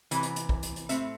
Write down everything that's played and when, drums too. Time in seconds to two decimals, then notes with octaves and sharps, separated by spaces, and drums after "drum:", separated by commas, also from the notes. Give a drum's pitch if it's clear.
0.11 C3 E3, drum: hi-hat
0.23 drum: hi-hat
0.36 drum: hi-hat
0.49 drum: kick
0.63 drum: hi-hat
0.76 drum: hi-hat
0.89 A2 A3 C4 E5, drum: hi-hat